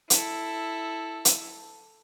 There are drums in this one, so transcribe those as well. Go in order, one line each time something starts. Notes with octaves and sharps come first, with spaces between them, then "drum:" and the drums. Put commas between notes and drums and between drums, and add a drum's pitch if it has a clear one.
E4 A4, drum: hi-hat
drum: hi-hat